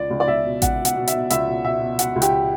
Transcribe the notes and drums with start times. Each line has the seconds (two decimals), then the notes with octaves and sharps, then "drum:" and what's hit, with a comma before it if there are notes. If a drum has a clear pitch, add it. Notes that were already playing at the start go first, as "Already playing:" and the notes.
Already playing: C#2 D5
0.10 C#2
0.20 D5
0.28 C#2 E5
0.45 B2
0.62 C#2 F#5, drum: kick A1, hi-hat
0.79 B2
0.85 F#5, drum: hi-hat
0.96 B2
1.07 E5, drum: hi-hat
1.13 B2
1.30 C#2 E5, drum: hi-hat
1.47 B2
1.64 B2 E5
1.81 B2
1.99 B2 F#5, drum: hi-hat
2.16 C#2
2.22 G4, drum: hi-hat